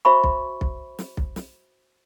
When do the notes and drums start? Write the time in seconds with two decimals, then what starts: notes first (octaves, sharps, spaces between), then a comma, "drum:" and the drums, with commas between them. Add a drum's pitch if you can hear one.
0.05 F#4 C5 E5 B5 C#6
0.24 drum: kick B1
0.61 drum: kick B1
0.99 drum: snare
1.17 drum: kick B1
1.36 drum: snare